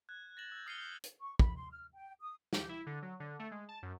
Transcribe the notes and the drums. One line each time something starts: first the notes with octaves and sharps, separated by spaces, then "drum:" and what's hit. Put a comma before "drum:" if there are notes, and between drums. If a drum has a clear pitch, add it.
F#6 G#6
A6 A#6 E7 F#7
E6 G6
D#6 F6 C7 C#7 D#7 G7
G6
drum: hi-hat
C#6
B5, drum: kick
C6
F6
G5
D#6
G4, drum: snare
E4
D3
F#3
D3
A3
G#3
A5
F#2